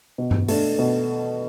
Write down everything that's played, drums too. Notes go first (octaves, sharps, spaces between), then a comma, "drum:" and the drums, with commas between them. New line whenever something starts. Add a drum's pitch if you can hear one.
B2
drum: tom G2
A3 D4, drum: open hi-hat
B2